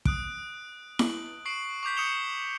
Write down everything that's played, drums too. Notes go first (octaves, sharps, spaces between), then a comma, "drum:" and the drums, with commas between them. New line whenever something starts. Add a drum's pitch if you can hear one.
D#6 F#6 D7, drum: kick
F#7, drum: snare E4
C#6 C7 D7 F#7
C#6 D6 G6 B6
D#6 G6 C#7 E7 F7 G7